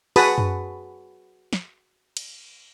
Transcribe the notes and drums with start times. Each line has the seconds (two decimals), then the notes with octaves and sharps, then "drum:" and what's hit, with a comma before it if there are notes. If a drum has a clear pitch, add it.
0.16 F#4 G#4 B4 A5 B5 D#6, drum: open hi-hat
0.38 drum: tom F#2
1.53 drum: snare
2.17 drum: cymbal